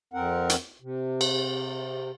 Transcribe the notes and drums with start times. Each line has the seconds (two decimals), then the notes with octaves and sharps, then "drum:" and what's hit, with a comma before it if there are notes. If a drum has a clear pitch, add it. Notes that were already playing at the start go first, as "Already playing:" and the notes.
0.14 F2 C4 A#4 F#5
0.49 drum: hi-hat
0.82 C3
1.21 drum: cymbal